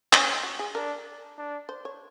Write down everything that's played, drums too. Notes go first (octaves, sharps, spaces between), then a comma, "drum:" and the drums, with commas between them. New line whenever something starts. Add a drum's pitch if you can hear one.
C#4, drum: clap
F#4
G#4
D4 A#4
D4
C5
C#5